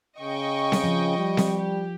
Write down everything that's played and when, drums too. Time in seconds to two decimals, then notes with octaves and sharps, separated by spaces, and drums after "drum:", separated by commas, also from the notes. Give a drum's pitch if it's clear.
0.21 C#3 D#5 G5 C#6
0.72 drum: snare C4
0.84 F3
1.18 G3
1.37 drum: snare C4
1.57 G4